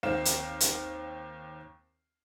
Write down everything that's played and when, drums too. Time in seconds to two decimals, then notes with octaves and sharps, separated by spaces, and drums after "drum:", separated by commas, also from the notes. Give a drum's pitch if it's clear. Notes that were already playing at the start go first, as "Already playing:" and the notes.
0.03 D#2 C4 F5 E7
0.25 drum: hi-hat
0.60 drum: hi-hat